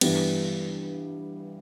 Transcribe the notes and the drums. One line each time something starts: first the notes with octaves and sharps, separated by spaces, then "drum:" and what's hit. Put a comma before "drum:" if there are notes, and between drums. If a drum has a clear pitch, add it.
G2 E3 G3 B3, drum: cymbal